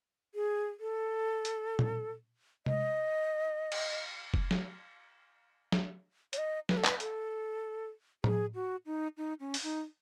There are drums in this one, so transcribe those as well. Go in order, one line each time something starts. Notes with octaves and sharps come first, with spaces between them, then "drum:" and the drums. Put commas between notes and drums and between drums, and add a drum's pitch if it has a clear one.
G#4
A4
drum: hi-hat
drum: tom A#2
D#5, drum: tom
drum: cymbal
drum: kick F1
drum: snare
drum: snare
C#5, drum: hi-hat
D#5
B4, drum: snare
A4
B4, drum: clap
A4, drum: hi-hat
G#4, drum: tom A2
F#4
D#4
D#4
C#4
drum: open hi-hat
D#4